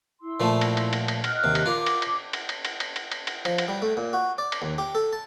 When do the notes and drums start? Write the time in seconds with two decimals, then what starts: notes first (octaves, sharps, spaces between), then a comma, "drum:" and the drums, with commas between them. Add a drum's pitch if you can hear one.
0.21 E4 C6 E6
0.40 A#2 F3 A3
0.61 drum: cymbal
0.77 drum: cymbal
0.93 drum: cymbal
1.08 drum: cymbal
1.24 D#5 F6 F#6, drum: cymbal
1.44 D#2 C3
1.55 drum: cymbal
1.66 F4 A#4 D6
1.86 drum: cymbal
2.02 drum: cymbal
2.33 drum: cymbal
2.49 drum: cymbal
2.65 drum: cymbal
2.80 drum: cymbal
2.96 drum: cymbal
3.11 drum: cymbal
3.27 drum: cymbal
3.45 F3, drum: cymbal
3.58 drum: cymbal
3.68 G3
3.82 A3
3.97 A#2
4.13 F#4
4.38 D5
4.52 drum: cymbal
4.62 D#2
4.78 G4
4.95 A4
5.13 A5